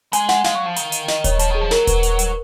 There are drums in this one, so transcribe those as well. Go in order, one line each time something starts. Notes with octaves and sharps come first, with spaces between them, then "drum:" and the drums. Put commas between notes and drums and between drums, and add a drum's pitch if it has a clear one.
G#3 G#5, drum: hi-hat
F#5, drum: snare
G#3 F5, drum: snare
F#3
F3
D#3, drum: hi-hat
drum: hi-hat
D#5, drum: snare
C#5, drum: kick D#1, hi-hat
F3 C#5, drum: hi-hat
D#3 G#4
F3
F#3 A#4, drum: snare
B4, drum: kick D#1, hi-hat
drum: hi-hat
drum: hi-hat